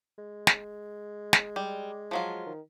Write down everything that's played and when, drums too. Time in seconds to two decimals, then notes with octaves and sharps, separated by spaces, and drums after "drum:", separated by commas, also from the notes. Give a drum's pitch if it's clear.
0.18 G#3
0.47 drum: snare
1.33 drum: snare
1.56 G3
2.11 F3 F#3 F4
2.46 D#3